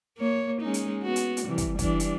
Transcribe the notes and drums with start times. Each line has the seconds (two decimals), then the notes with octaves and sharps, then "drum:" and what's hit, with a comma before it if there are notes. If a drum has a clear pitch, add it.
0.18 A#3 C#5
0.62 G#3 C#4 D#4
0.74 drum: hi-hat
1.03 B3 F#4
1.16 drum: hi-hat
1.37 drum: hi-hat
1.46 C3 E3 G3
1.58 drum: kick, hi-hat
1.79 E3 G3 D4, drum: kick, hi-hat
2.00 drum: hi-hat